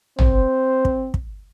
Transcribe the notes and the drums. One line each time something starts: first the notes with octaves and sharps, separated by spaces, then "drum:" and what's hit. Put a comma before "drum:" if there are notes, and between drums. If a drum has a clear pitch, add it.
C4 C5, drum: tom
drum: kick
drum: kick